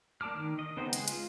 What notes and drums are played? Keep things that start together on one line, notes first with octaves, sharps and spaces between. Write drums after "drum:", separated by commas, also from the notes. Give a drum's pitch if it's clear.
A#3 D5 A5 D6 F6
D#3
D#5
C#3 B3 C4 D#4 C5
G#3, drum: hi-hat
F4, drum: hi-hat